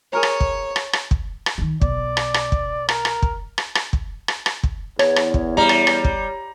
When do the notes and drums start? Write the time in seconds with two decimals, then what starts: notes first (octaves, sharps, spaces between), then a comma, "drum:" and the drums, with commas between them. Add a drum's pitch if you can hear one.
0.13 G#4 A#4 C#5 A#5
0.23 drum: rim click
0.40 drum: kick
0.76 drum: rim click
0.93 drum: rim click
1.11 drum: kick
1.46 drum: rim click
1.58 D3 D#3
1.81 B1 D5, drum: kick
2.17 drum: rim click
2.34 drum: rim click
2.52 drum: kick
2.89 A#4, drum: rim click
3.05 drum: rim click
3.22 drum: kick
3.58 drum: rim click
3.75 drum: rim click
3.93 drum: kick
4.28 drum: rim click
4.46 drum: rim click
4.63 drum: kick
4.99 E2 C#5, drum: rim click
5.16 drum: rim click
5.34 drum: kick
5.57 G3 A#5
5.69 drum: rim click
5.87 drum: rim click
6.04 drum: kick